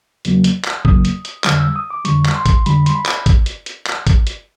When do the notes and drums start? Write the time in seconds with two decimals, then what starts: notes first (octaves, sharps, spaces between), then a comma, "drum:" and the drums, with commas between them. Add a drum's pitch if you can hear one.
0.25 E2 C#3 F#3 A#3, drum: hi-hat
0.44 drum: hi-hat
0.64 drum: clap
0.85 E2 C#3 F#3 A#3 D#6, drum: kick
1.05 drum: hi-hat
1.25 drum: hi-hat
1.44 F2 D3 G3 F6, drum: clap
1.60 E6
1.76 D#6
1.90 D6
2.05 F2 D3 G3 C#6, drum: hi-hat
2.25 drum: clap
2.35 C6
2.46 drum: kick, hi-hat
2.66 F2 D3 G3 B5, drum: hi-hat
2.86 C6, drum: hi-hat
2.95 B5
3.06 drum: clap
3.26 drum: kick, hi-hat
3.46 drum: hi-hat
3.66 drum: hi-hat
3.86 drum: clap
4.07 drum: kick, hi-hat
4.27 drum: hi-hat